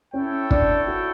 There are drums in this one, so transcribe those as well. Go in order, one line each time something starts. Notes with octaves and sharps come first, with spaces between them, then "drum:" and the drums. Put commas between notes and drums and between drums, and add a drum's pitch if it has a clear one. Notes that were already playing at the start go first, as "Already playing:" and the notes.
C#4 E4 A4 C#5 G5
D4, drum: kick
F#4